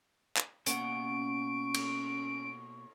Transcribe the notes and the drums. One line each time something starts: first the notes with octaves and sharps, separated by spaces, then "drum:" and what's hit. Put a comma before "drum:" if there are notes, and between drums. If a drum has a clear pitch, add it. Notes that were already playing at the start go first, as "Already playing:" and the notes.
drum: clap
B2 A#3 C#4 F#5 C#6 D7, drum: hi-hat
drum: cymbal